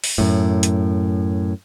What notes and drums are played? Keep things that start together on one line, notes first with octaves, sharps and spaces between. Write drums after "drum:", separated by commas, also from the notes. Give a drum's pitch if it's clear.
drum: open hi-hat
F#2 A2
drum: hi-hat